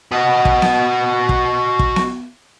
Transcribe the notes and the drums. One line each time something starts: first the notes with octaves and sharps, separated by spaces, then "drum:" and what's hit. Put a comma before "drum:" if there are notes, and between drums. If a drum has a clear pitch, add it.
F#4 D#5
drum: kick
drum: snare B3
drum: kick
drum: kick
drum: snare B3